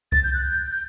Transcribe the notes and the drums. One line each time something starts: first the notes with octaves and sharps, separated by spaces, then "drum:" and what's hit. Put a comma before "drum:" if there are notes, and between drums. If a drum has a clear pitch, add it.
A6, drum: kick C2
G6
F#6
G6
G6